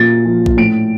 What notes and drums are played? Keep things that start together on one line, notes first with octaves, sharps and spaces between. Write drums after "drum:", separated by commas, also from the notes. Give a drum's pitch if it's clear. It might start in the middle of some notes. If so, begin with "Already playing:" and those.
Already playing: A#2 A6
F3
drum: kick A#1
A2 D7